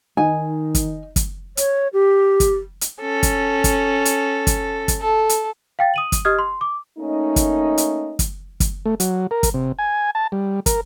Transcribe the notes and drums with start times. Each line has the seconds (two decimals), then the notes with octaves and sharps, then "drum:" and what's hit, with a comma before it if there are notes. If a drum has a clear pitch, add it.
0.17 D#3 D#4 G#5
0.75 drum: kick, hi-hat
1.16 drum: kick, hi-hat
1.57 C#5, drum: hi-hat
1.93 G4
2.40 drum: kick, hi-hat
2.81 drum: hi-hat
3.01 C#4 A4
3.23 drum: kick, hi-hat
3.64 drum: kick, hi-hat
4.05 drum: hi-hat
4.47 drum: kick, hi-hat
4.88 drum: kick, hi-hat
5.01 A4
5.29 drum: hi-hat
5.79 F5 G5 A6
5.94 D#6 D#7 F#7
6.12 drum: kick, hi-hat
6.25 G4 D#5 D#6 F6 G#6
6.39 C6
6.61 D6
6.98 A3 A#3 C#4 D#4
7.36 drum: kick, hi-hat
7.78 drum: hi-hat
8.19 drum: kick, hi-hat
8.60 drum: kick, hi-hat
8.86 A3
9.00 F#3, drum: hi-hat
9.31 A#4
9.43 drum: kick, hi-hat
9.54 C3
9.79 G#5
10.15 A5
10.32 G3
10.66 A#4, drum: kick, hi-hat